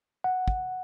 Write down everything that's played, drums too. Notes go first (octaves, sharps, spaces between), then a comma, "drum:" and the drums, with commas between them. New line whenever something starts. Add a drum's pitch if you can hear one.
F#5
drum: kick